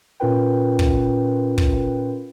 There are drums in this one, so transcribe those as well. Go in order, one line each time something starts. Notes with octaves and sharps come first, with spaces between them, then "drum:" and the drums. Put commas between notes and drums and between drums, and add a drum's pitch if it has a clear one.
A#2 C#4 F4 A#4 B4 G5
drum: kick
drum: kick